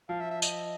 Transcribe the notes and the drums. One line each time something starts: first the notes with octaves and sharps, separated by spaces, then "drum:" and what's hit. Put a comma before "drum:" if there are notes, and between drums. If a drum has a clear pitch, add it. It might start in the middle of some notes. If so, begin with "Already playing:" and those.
F3 F5
E5
E5
D#5, drum: tambourine